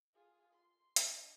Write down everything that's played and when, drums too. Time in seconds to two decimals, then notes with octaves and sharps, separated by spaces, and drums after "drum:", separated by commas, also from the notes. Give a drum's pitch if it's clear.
0.14 F4 G#4
0.54 C6
0.96 D4 D#5, drum: hi-hat